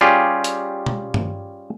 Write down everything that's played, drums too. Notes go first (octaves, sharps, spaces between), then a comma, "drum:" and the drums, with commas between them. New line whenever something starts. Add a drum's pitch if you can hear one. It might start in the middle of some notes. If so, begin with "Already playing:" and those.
G3 C#4 F4 G4 G#4
drum: hi-hat
drum: tom
drum: tom